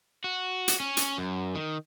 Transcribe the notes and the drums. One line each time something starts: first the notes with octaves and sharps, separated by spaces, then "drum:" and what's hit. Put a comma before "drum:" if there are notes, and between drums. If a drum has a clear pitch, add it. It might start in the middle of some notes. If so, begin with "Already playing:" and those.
F#4
drum: hi-hat
C#4
drum: hi-hat
F#2
D#3